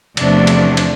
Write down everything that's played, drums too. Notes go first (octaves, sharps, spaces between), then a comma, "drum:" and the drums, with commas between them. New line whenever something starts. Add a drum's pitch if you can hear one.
E2 C3 F3 A3 D4, drum: cymbal
drum: cymbal
drum: cymbal